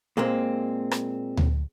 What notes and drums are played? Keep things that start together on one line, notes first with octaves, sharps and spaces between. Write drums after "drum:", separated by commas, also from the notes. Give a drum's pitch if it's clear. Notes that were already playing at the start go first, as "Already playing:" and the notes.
A#2 G#3 A#3 C4
drum: rim click
drum: tom D2